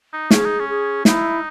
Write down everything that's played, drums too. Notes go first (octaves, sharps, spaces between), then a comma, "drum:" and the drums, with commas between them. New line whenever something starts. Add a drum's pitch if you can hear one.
D#4
C#4 G#4, drum: snare
D#4
C#4
G#4
D#4 E4, drum: snare